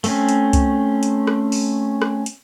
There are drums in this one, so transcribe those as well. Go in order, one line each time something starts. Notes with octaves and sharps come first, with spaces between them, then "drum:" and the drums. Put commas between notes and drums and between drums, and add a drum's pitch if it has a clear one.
A3 C4 C#4, drum: open hi-hat
drum: hi-hat
drum: kick C2, hi-hat
drum: hi-hat
drum: rim click
drum: open hi-hat
drum: rim click
drum: hi-hat